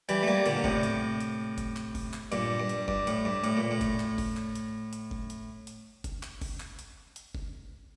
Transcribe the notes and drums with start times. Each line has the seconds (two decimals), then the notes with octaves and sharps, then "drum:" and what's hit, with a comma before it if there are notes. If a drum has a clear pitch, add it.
0.09 E3 G3, drum: hi-hat
0.23 A3
0.28 G3 A#3
0.46 A#2 D3, drum: hi-hat
0.56 A#2
0.64 A2 C3, drum: kick F#1
0.83 drum: hi-hat
1.20 drum: hi-hat
1.58 drum: kick F#1, hi-hat
1.76 drum: clap
1.95 drum: kick F#1, open hi-hat
2.14 drum: clap
2.32 G2 A#2, drum: hi-hat
2.60 G2
2.69 drum: hi-hat
2.88 G2, drum: kick F#1
3.07 A2, drum: hi-hat
3.25 G2
3.44 A2, drum: hi-hat
3.57 A#2
3.71 A2
3.81 drum: kick F#1, hi-hat
4.00 drum: clap
4.18 drum: kick F#1, open hi-hat
4.37 drum: clap
4.55 drum: hi-hat
4.93 drum: hi-hat
5.11 drum: kick F#1
5.30 drum: hi-hat
5.67 drum: hi-hat
6.04 drum: kick F#1, hi-hat
6.23 drum: clap
6.42 drum: kick F#1, open hi-hat
6.60 drum: clap
6.79 drum: hi-hat
7.16 drum: hi-hat
7.35 drum: kick F#1